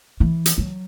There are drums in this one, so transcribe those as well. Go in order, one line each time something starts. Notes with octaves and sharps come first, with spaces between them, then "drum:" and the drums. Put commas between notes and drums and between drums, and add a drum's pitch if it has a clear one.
E3
drum: hi-hat
F#3